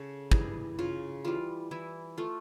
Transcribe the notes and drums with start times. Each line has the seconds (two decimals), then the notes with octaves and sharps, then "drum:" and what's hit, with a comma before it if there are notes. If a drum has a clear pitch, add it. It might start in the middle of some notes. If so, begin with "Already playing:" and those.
Already playing: C#3 A4
0.32 E3 G3 G#4, drum: kick
0.79 C#3 F4
1.25 E3 G3 F4
1.71 E3 E4
2.18 A3 F4